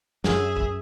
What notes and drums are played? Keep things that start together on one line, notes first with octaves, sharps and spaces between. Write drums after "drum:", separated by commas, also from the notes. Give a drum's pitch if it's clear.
F#2 G#4 E5, drum: snare
drum: kick